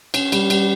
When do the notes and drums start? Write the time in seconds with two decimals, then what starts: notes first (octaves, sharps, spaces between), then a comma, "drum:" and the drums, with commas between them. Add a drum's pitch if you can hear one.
0.14 C#4, drum: cymbal
0.32 G3, drum: cymbal
0.50 G3, drum: cymbal